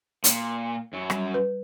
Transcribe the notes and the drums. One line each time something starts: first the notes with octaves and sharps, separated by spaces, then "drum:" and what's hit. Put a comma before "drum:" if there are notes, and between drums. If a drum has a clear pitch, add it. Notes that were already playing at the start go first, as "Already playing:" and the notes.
A#2, drum: hi-hat
F#2 F#3
G3, drum: rim click
B4